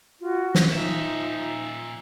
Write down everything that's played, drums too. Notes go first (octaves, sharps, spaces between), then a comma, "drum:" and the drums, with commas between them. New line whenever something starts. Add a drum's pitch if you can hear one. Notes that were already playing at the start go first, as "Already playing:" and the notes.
F4 F#4
drum: snare
A#2 F3 D#4 E5